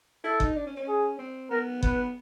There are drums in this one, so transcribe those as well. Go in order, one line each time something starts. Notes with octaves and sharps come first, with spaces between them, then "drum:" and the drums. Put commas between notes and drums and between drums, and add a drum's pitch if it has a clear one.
E4 A4
D#4, drum: kick G1
D4
C#4
C#4
G#4
C4
B3 A#4
B3 B4, drum: kick G1